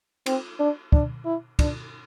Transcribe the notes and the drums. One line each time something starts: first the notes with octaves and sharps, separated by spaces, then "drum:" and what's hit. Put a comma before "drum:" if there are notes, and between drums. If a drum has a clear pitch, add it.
C4, drum: cymbal
D4
D4, drum: kick
E4
D4, drum: kick, cymbal